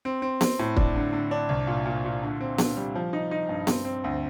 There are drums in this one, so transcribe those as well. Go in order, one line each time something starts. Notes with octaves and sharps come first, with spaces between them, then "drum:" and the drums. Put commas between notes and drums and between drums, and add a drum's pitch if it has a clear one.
C4
C4
C4, drum: snare B3
A2
D4, drum: kick
D3
D3
D4
C2
A#2
A#2
A#2
D3
C4
D3, drum: snare B3
G3
F3
D#4
D#4
G2
C4, drum: snare B3
C4
D2